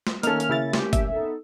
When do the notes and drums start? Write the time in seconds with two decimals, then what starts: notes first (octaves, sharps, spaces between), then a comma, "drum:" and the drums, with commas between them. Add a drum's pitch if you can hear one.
0.07 drum: snare
0.23 D#3 A3 A#3 C#4 D#4 A4 F6, drum: hi-hat
0.40 drum: hi-hat
0.50 C#3 E4 A6
0.73 A3 G4, drum: snare
0.93 E5, drum: kick, hi-hat
1.12 B3 D#4 A4